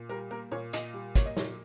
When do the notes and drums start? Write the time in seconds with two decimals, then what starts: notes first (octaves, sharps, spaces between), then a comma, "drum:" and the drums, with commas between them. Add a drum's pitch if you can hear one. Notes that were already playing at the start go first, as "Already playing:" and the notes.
Already playing: A#2
0.09 G3 A#4
0.31 A#3 A#4
0.52 A#2 C#5
0.73 A#2 D#5, drum: hi-hat
0.94 G3
1.15 A#3 C#5, drum: kick, hi-hat
1.26 D#5
1.37 A#2 C#5, drum: snare